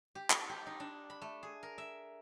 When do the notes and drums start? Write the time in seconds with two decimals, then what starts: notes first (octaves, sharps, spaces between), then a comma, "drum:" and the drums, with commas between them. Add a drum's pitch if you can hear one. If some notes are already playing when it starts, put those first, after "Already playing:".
0.15 G4
0.30 drum: clap
0.49 G4
0.66 D#4
0.80 D4
1.10 B5
1.22 A3
1.43 G#4
1.63 A#4
1.78 E5